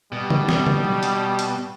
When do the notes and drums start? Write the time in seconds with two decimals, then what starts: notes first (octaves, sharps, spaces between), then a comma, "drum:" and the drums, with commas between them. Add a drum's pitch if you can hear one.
0.12 B2 G3
0.30 drum: tom
0.48 drum: snare
0.67 drum: tom
0.85 drum: tom
1.03 drum: hi-hat
1.39 drum: hi-hat